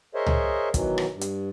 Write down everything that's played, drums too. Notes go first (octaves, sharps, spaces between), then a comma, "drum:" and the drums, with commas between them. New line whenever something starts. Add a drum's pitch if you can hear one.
G#4 A#4 C5 C#5 D#5 E5
drum: tom C#2
B2 D#3 E3 F#3, drum: kick, hi-hat
drum: rim click
G2
drum: hi-hat